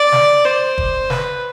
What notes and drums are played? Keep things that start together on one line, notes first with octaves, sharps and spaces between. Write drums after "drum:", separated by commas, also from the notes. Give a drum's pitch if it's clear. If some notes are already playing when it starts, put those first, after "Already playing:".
Already playing: D5
drum: snare
C5
drum: kick
B4, drum: snare